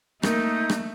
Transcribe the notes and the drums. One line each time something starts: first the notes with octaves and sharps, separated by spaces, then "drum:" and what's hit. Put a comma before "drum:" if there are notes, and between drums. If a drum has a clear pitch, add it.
A3 A#3 D#4, drum: rim click
drum: rim click